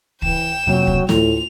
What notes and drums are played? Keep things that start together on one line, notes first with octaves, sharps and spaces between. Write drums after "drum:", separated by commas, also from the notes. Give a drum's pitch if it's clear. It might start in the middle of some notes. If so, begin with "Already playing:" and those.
E3 G5 E7, drum: kick
F2 C3 F#3 A#3
drum: kick
D2 A2 A3 F4 F7, drum: snare